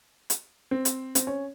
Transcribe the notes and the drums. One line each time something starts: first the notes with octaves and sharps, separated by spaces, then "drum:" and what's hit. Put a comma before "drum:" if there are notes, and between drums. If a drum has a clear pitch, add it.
drum: hi-hat
C4
drum: hi-hat
C4, drum: hi-hat
C#4